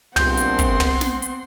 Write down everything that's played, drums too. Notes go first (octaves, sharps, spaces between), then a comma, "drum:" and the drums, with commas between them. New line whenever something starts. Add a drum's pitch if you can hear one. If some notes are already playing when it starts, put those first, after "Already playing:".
A#1 G2 B3 C4 F#5 C6 G6, drum: tom
drum: hi-hat
drum: kick, hi-hat
drum: tom
drum: snare
drum: hi-hat